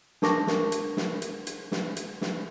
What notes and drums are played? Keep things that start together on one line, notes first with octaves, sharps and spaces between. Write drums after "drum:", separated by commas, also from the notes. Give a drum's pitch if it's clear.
D4 A#4 A5 C#6 D6 A#6, drum: snare
drum: snare
drum: hi-hat
drum: snare
drum: hi-hat
drum: hi-hat
drum: snare
drum: hi-hat
drum: snare